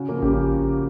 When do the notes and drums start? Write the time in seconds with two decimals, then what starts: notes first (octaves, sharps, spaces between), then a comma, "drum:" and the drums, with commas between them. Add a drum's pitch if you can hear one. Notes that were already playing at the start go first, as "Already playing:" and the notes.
Already playing: C#3 F#4
0.09 F3 A#3
0.22 C#3 G4, drum: kick G#1